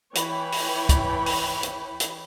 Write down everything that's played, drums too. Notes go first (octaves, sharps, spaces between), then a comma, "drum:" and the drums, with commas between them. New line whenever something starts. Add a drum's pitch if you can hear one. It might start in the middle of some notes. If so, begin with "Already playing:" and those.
E3 C#5 G5 B5, drum: hi-hat
drum: open hi-hat
drum: kick, hi-hat
drum: open hi-hat
drum: hi-hat
drum: hi-hat